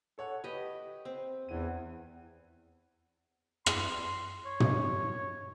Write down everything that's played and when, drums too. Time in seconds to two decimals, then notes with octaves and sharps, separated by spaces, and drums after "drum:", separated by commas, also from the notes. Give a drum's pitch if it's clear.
0.18 A4 C#5 F#5
0.44 G4 B4 D#5
1.05 C4
1.49 E2 E3 D#7
3.66 C6, drum: rim click
4.45 C#5
4.60 drum: tom